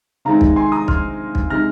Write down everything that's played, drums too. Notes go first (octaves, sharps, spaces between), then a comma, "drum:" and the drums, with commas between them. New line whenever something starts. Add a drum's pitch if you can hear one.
C3 D#3 G#3 C4 D#4 F5 A#5
drum: kick
G#5 C6
A#5 D#6
C6 F6, drum: kick
drum: kick
C3 G#3 D#4 F6 A#6